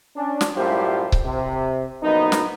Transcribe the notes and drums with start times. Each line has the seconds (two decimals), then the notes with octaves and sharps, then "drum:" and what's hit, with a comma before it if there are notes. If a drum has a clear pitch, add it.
0.17 C#4 D4
0.41 drum: snare
0.56 F#2 A2 G3 F4 G4 C5
1.12 drum: kick C#1
1.25 C3
2.03 A#1 F#2 B3 D#4
2.32 drum: snare